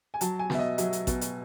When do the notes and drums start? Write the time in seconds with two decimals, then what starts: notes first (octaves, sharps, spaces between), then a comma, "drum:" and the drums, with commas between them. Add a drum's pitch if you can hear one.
0.14 G#5
0.21 F#3 A5, drum: hi-hat
0.39 G#5
0.50 B2, drum: snare
0.55 E5
0.59 D#5
0.78 F#3 E5, drum: hi-hat
0.93 drum: hi-hat
1.07 B2, drum: kick A1, hi-hat
1.21 drum: hi-hat